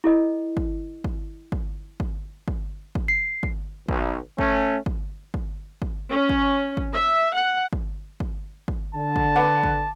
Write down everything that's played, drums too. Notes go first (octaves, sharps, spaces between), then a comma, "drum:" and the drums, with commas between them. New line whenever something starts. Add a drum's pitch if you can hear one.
E4 A4 D#5
drum: kick
drum: kick
drum: kick
drum: kick
drum: kick
drum: kick
C7
drum: kick
B1, drum: kick
A3 C#4, drum: kick
drum: kick
drum: kick
drum: kick
C#4
drum: kick
drum: kick
E5
F#5
drum: kick
drum: kick
drum: kick
D3 A5
drum: kick
B4 F#5 D6
drum: kick